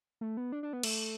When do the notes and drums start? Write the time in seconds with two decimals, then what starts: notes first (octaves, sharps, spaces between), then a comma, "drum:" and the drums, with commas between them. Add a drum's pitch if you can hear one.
0.21 A3
0.37 B3
0.52 D4
0.63 D4
0.73 B3
0.83 A3, drum: cymbal